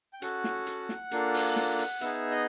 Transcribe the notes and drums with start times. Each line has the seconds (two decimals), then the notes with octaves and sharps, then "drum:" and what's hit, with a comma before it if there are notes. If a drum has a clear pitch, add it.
0.13 G5
0.22 C#4 F#4 A4 F#5, drum: hi-hat
0.44 drum: snare
0.67 drum: hi-hat
0.89 drum: snare
1.11 A#3 D4 F4 A4, drum: hi-hat
1.34 drum: open hi-hat
1.56 drum: snare
1.79 drum: hi-hat
2.01 B3 D#4 G#4 E5, drum: hi-hat
2.31 D#5